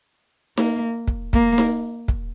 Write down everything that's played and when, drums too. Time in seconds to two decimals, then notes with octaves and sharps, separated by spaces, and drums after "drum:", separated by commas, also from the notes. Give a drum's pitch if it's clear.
0.57 A#3, drum: snare D#4
1.07 drum: kick
1.33 A#3, drum: kick
1.58 drum: snare D#4
2.08 drum: kick